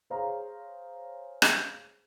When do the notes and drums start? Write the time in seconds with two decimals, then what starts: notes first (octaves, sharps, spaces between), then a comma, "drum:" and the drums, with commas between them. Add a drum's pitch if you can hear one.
0.10 G#4 C5 C#5 F5 A#5
1.42 drum: rim click